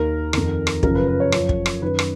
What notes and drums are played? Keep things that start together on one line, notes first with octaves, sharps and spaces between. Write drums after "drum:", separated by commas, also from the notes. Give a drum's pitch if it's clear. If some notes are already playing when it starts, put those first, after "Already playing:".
Already playing: D#2 D#3 A#4
F2 D#3, drum: rim click
drum: rim click
F#2 C#3 F3 A#4, drum: kick
B4
B4
C#5
F#2 F3, drum: rim click
drum: kick
drum: rim click
F#2 D#3 B4
drum: rim click